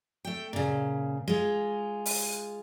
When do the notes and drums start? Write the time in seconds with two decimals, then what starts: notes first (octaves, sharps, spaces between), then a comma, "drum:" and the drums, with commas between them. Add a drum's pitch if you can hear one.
0.25 A3 G5
0.53 A#2 C#3
1.28 G#3 F4
2.06 drum: open hi-hat